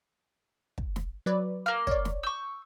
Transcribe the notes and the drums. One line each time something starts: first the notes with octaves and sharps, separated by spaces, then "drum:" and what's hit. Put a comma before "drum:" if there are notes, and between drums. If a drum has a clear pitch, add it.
drum: kick
drum: snare
F#3 B4 D5
A#3 F5 F6
C#5 D5, drum: kick
drum: snare
C#6 E6 G6